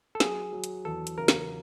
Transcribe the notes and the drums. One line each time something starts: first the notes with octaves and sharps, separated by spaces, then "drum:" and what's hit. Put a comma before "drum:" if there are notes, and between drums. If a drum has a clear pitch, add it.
A4
F#3 G#4, drum: snare
F#3
drum: hi-hat
E2 A4
drum: hi-hat
C#3 A#4
drum: snare